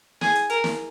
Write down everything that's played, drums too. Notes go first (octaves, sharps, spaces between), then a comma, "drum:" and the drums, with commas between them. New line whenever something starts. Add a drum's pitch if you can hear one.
G#4, drum: snare
drum: hi-hat
A#4, drum: hi-hat
drum: snare